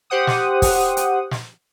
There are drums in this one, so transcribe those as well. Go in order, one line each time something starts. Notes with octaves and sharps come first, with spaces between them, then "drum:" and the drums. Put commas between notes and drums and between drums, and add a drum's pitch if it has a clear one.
G4 C5 F#5 D#6
drum: snare
drum: kick, open hi-hat
drum: hi-hat
drum: snare